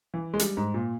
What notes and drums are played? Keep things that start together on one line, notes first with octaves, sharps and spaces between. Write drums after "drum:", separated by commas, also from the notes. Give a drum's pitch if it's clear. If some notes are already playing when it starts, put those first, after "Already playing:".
E3
G#3
G3, drum: hi-hat
G#2
A#2